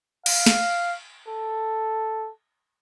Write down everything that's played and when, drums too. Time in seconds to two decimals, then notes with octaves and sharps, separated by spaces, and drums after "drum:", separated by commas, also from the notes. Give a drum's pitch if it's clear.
0.26 F5, drum: cymbal
0.46 drum: snare
1.28 A4